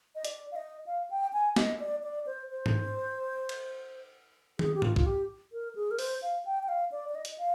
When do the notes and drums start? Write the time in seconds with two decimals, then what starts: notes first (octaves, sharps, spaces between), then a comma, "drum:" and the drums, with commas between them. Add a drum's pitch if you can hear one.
0.15 D#5
0.25 D5, drum: hi-hat
0.52 F5
0.56 D#5
0.86 F5
1.10 G5
1.33 G#5
1.56 D#5, drum: snare
1.80 D5
2.03 D5
2.26 C5
2.50 C5
2.66 drum: tom G#2
3.49 drum: cymbal
4.59 G#4, drum: tom
4.74 G4
4.82 F4, drum: tom G#2
4.96 F4, drum: kick B1
5.06 G4
5.52 A#4
5.75 G#4
5.91 A#4
5.99 C5, drum: open hi-hat
6.22 F5
6.46 G5
6.63 G5
6.68 F5
6.92 D5
7.09 D5
7.15 D#5
7.25 drum: hi-hat
7.38 F5